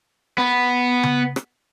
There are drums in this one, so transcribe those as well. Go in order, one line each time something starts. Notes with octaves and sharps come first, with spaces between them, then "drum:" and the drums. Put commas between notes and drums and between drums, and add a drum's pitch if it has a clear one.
B3
drum: tom C#3
drum: rim click